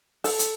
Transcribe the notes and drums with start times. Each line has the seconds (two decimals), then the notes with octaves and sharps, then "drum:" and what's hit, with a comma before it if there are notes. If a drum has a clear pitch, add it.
0.24 A4, drum: open hi-hat
0.39 drum: hi-hat